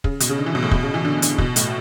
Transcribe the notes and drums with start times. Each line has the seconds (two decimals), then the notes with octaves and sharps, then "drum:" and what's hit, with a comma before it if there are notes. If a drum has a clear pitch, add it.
0.04 C#3, drum: kick
0.20 B2, drum: hi-hat
0.29 C#3
0.38 D3
0.46 E3
0.55 B2
0.62 A2
0.71 B2, drum: kick
0.83 C#3
0.94 E3
1.05 D3
1.22 D3, drum: hi-hat
1.38 B2, drum: kick
1.56 A2, drum: hi-hat